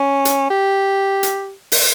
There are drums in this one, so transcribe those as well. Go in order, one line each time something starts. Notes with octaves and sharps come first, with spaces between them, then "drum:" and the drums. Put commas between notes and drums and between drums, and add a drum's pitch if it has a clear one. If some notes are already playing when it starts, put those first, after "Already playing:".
Already playing: C#4
drum: hi-hat
G4
drum: hi-hat
drum: open hi-hat